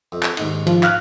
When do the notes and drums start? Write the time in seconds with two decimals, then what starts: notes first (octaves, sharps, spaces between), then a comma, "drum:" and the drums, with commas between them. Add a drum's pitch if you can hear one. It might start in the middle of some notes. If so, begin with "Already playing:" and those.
0.12 F2
0.23 drum: clap
0.37 D#2 G#2 D#4, drum: cymbal
0.67 F3 F4, drum: cymbal
0.83 F5 F6 F#6, drum: clap